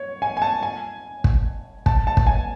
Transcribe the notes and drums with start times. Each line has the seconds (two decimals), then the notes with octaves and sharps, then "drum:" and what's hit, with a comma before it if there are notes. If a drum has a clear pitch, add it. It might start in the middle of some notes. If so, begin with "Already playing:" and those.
Already playing: C#5
0.22 G#5
0.37 G#5
0.42 A5
0.63 G#5
1.24 drum: kick
1.86 A5, drum: kick
2.07 A5
2.17 drum: kick
2.27 G#5